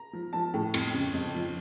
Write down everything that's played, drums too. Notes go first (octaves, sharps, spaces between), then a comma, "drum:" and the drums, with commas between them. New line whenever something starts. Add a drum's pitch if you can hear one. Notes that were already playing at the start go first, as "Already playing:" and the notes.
Already playing: A#5
F3
F3 A5
A2
F2, drum: cymbal
C#3
F2
F3